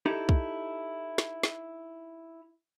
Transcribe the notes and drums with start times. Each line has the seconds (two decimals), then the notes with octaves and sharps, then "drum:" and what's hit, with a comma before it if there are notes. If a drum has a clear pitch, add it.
0.06 D#4 E4 G4 A4
0.29 drum: kick
1.18 drum: snare
1.43 drum: snare